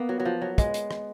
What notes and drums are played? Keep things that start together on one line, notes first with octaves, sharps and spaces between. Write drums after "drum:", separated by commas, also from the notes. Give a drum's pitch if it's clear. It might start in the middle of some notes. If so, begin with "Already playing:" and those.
Already playing: A#3 B3
F#3
F#3
F3
F#3
G#3, drum: kick, hi-hat
drum: hi-hat
drum: rim click